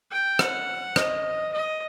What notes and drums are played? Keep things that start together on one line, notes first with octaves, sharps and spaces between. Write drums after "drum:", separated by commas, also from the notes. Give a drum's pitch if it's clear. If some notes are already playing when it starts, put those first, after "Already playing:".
G5
F#5, drum: rim click
D#5, drum: rim click
D#5